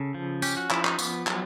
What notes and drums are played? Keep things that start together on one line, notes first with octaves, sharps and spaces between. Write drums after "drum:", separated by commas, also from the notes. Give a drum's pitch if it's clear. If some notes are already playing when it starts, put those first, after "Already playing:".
Already playing: C#3 A4
F3
C#4 G4, drum: tambourine
F#4
F3 E4, drum: clap
D#4, drum: clap
B3, drum: tambourine
F#3, drum: clap